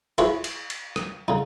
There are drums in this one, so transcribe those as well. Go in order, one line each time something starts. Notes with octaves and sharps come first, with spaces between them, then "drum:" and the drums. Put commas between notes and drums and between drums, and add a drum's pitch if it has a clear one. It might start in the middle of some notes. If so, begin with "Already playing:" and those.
E4 F4 G#4 B4 C#5, drum: cymbal
drum: cymbal
drum: cymbal
drum: rim click
C#3 D#4